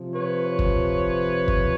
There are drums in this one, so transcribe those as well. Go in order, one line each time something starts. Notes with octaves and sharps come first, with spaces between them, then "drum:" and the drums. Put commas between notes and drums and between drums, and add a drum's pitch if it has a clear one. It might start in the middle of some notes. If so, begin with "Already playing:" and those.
Already playing: C3 F3
B4 C#5
drum: kick
drum: kick